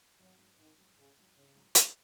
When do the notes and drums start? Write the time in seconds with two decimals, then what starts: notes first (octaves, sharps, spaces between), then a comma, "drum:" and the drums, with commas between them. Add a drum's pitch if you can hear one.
0.20 G#1 F#3
0.39 G#2 F#3
0.58 G#1 D#3
0.78 G#2 F#3
0.97 G#1 C#3
1.17 G#2 F#3
1.36 G#1 C#3
1.55 G#2 F#3
1.75 C#2, drum: hi-hat